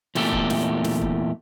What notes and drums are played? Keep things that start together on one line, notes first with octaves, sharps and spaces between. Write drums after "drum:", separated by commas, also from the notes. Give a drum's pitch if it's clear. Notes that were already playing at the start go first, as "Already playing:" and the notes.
E2 A#2 A3 G4 A4, drum: snare
drum: kick
drum: snare
drum: snare
drum: kick